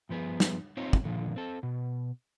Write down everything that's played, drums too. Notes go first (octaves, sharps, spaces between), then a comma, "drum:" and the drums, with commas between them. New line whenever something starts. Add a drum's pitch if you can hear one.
G2 F3 B3 G#4
drum: snare
C4 D#4 F4 C5 C#5
drum: kick
A#2 D3 D#3 F3
C4 A4
B2